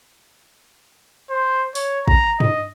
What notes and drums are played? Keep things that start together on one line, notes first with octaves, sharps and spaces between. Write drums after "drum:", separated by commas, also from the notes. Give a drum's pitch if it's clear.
C5
C#5, drum: open hi-hat
A#5, drum: kick
D#5, drum: tom G2